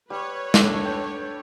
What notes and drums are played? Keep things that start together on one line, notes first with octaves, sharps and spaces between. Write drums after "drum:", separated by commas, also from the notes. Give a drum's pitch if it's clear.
G3 B4 C#5
D4 A4, drum: snare
G5